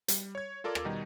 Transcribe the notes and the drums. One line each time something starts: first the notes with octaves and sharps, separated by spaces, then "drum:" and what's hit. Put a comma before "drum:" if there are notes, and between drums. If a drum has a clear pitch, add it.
G3, drum: hi-hat
C#5 G#6
F4 A4 A#4 D5 D6
drum: rim click
B2 D#3 G3 D#4